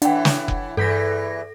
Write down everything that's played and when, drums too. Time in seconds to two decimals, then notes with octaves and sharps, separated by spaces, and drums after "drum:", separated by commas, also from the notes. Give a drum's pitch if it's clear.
0.02 A2 E3 D4 F#5 G5, drum: hi-hat
0.25 drum: snare
0.48 drum: kick F1
0.77 E2 G2 E3 A4 G6 A#6 B6